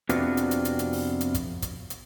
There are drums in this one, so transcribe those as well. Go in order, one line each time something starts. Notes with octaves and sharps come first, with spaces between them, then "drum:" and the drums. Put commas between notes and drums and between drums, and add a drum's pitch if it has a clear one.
F2 C3 B3 D4 F4 F#4, drum: hi-hat
drum: hi-hat
drum: hi-hat
drum: hi-hat
drum: hi-hat
drum: open hi-hat
drum: hi-hat
drum: kick, hi-hat
drum: kick, hi-hat
drum: hi-hat